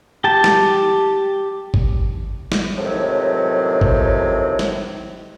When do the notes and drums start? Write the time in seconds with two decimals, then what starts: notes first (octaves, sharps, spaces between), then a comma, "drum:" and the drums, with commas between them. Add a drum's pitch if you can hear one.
0.24 G4 A5
0.44 drum: snare
1.74 drum: kick G#1
2.52 drum: snare
2.78 C#2 A2 C3 D#3 F3 F#3
3.81 drum: kick G#1
4.59 drum: snare